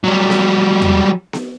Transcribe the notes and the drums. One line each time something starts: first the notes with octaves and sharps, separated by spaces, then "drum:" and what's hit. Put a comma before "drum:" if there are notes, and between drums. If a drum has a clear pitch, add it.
F#3 G3
drum: snare B3
drum: tom E2
drum: snare B3